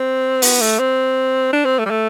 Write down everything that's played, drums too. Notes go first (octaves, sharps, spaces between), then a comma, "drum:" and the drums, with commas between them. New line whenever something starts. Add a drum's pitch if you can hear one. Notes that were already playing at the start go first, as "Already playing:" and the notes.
Already playing: C4
B3, drum: open hi-hat
A3
C4
D4
C4
A3
G3
A3